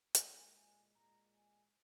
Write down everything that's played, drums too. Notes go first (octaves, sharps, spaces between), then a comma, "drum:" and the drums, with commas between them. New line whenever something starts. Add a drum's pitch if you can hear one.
A#2 G#3 G#5, drum: hi-hat
G#5
A#2 G#3 A#5
G#5